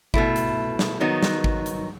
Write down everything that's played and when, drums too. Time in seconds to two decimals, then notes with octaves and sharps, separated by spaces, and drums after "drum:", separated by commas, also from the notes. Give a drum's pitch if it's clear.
0.14 B2 A3 E4, drum: kick G#1
0.36 drum: hi-hat
0.79 drum: snare
1.00 D#3 F#3 B3 D#4
1.23 drum: snare
1.44 drum: kick G#1
1.66 drum: hi-hat